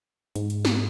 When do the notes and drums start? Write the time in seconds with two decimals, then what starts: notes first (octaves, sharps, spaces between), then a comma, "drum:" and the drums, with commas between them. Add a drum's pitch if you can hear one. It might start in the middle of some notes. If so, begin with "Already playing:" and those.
0.36 G#2, drum: hi-hat
0.50 drum: hi-hat
0.65 drum: snare